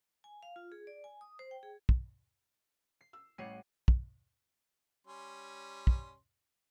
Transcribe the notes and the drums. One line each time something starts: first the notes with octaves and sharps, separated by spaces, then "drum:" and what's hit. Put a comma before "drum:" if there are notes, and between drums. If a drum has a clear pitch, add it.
G#5
F5
F4
G#4
D5
G#5
D#6
C5
G5
G#4
drum: kick
C7
E6
A1 G3 C#5 F#5 C7 D#7
drum: kick
G3 C#4 C6
drum: kick